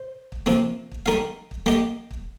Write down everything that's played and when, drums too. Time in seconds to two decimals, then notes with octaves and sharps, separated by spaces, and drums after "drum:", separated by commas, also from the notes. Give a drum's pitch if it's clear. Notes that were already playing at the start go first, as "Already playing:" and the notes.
Already playing: C5
0.32 drum: kick
0.46 C3 F3 A#3, drum: snare
0.92 drum: kick
1.06 G3 D#4 A#4 F5, drum: snare
1.51 drum: kick
1.66 G3 A#3 G4 D#5, drum: snare
2.11 drum: kick